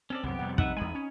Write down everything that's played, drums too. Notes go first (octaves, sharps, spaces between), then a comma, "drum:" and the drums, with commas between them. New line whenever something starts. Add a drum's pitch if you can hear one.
C4 C#4 A4 D5
C2 F#2 B3 C4 G4
F2 C3 G3 F#5
D#4 B4 E5 F#5, drum: kick
E2 G#3 G#5 B5 D#6
C#4